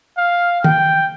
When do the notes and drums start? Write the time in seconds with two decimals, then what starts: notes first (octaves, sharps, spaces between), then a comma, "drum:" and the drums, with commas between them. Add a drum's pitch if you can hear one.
0.17 F5
0.64 G5, drum: tom D#3